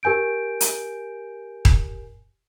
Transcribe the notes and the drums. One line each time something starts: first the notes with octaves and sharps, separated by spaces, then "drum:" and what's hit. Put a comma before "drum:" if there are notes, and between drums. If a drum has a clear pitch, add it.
G4 A#4 G#5 G6 D7
drum: hi-hat
drum: kick D#1